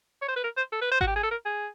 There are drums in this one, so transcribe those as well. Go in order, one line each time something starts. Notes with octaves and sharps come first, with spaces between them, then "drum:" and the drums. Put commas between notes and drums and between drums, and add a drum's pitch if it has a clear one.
C#5
C5
B4
A#4
C5
A4
B4
C5
F#4, drum: kick G#1
G4
G#4
A4
A#4
G#4